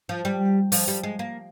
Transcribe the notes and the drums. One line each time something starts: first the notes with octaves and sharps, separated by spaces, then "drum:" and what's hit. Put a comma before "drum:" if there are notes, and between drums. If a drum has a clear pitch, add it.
F3
G3
F3, drum: open hi-hat
G3
G#3
A#3